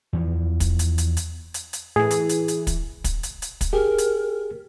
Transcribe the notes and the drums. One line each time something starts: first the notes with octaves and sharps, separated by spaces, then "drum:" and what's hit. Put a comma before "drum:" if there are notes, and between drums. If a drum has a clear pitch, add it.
E2 E3 F3
drum: kick, hi-hat
drum: hi-hat
drum: hi-hat
drum: hi-hat
drum: hi-hat
drum: hi-hat
A2 E3 G#4
E3, drum: hi-hat
drum: hi-hat
drum: hi-hat
drum: kick, hi-hat
drum: kick, hi-hat
drum: hi-hat
drum: hi-hat
drum: kick, hi-hat
G4 G#4 A#4
drum: hi-hat